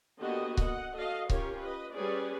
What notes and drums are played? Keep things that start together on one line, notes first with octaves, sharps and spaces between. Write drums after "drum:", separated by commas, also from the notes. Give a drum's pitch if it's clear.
D3 A#3 B3 F#4 G4 D#5
D#5 F#5, drum: kick C#1
F#4 A4 D#5 F5
C#4 F4 G4 A#4 C#5, drum: kick C#1
B4 D#5
G3 C#4 G#4 B4 C#5 D5